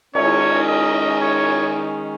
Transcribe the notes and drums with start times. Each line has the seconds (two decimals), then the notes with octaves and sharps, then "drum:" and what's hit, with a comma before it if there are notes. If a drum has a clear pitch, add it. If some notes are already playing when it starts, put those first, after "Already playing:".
0.15 D#3 G#3 C#4 C#5, drum: cymbal
0.69 D#5
1.22 C#5